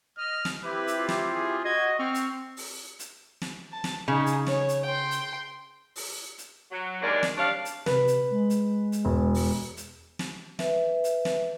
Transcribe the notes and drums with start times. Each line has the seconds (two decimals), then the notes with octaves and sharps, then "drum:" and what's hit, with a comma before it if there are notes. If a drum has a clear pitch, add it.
0.18 D#5 F6
0.45 drum: snare
0.64 C4 E4 G4 B4
0.87 drum: hi-hat
0.97 F4
1.09 drum: snare
1.34 G#4
1.65 F#4 D#5 G#6
1.99 C4 C5 C#6 F6
2.14 drum: hi-hat
2.57 drum: open hi-hat
2.99 drum: hi-hat
3.42 drum: snare
3.72 A5
3.84 drum: snare
4.08 C#3 D#4 G#4
4.26 drum: hi-hat
4.46 C#5, drum: snare
4.69 drum: hi-hat
4.85 G5 C6
5.11 drum: hi-hat
5.96 drum: open hi-hat
6.38 drum: hi-hat
6.71 F#3
7.02 D#2 G#3 A#3 D4 A#4 D5
7.23 drum: snare
7.38 G3 D4 C#5 F5
7.65 drum: hi-hat
7.86 C3 B4, drum: snare
8.07 drum: hi-hat
8.31 G#3
8.50 drum: hi-hat
8.92 drum: hi-hat
9.05 E1
9.35 drum: open hi-hat
9.77 drum: hi-hat
10.19 drum: snare
10.59 B4 E5, drum: snare
11.04 drum: hi-hat
11.25 drum: snare